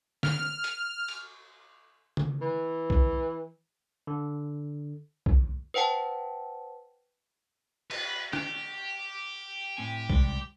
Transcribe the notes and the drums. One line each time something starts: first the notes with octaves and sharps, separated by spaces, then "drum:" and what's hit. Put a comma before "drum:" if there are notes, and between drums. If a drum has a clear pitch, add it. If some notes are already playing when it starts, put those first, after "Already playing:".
F6, drum: snare D3
drum: hi-hat
drum: cymbal
drum: tom C#3
E3
drum: kick
D3
drum: kick
B4 C5 F#5 G5 A5
B4, drum: cymbal
G4, drum: rim click
A2 C4 G#5
C3 G3 G#3, drum: kick